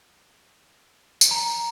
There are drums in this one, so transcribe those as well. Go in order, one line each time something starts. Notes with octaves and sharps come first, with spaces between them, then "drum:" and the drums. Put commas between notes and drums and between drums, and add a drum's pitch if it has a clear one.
drum: tambourine
A#5